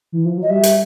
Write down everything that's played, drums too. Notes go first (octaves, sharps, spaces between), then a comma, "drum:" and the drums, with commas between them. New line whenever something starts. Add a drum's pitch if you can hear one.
E3
F3
F#3 D#5
G3 E5
drum: hi-hat